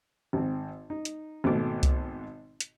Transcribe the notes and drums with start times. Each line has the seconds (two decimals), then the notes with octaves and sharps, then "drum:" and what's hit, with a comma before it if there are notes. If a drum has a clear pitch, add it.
0.33 G#1 C4
0.90 D#4
1.05 drum: hi-hat
1.44 G#1 B2 A3 D6
1.83 drum: kick C2, hi-hat
2.60 drum: hi-hat